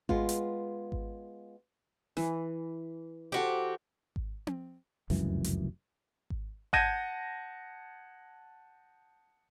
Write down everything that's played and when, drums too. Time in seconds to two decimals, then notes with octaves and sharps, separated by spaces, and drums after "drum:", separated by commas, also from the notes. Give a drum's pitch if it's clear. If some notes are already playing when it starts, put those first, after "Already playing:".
0.09 G#3 B3 F4, drum: kick G#1
0.29 drum: hi-hat
0.92 drum: kick G#1
2.17 E3, drum: snare
3.32 F#4 G4 A4 C5
4.16 drum: kick G#1
4.47 drum: tom C4
5.10 F1 C#2 F#2 E3, drum: snare
5.44 drum: hi-hat
6.30 drum: kick G#1
6.73 F#5 A5 G6 G#6 A#6 D#7, drum: kick G#1